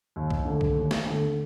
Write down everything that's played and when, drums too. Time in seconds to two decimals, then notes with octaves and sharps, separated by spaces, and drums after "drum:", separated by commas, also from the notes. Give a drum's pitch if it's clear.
0.16 D#2
0.31 drum: kick B1
0.45 D3 A3
0.61 drum: kick B1
0.76 D#2
0.91 drum: snare
1.06 D3 A3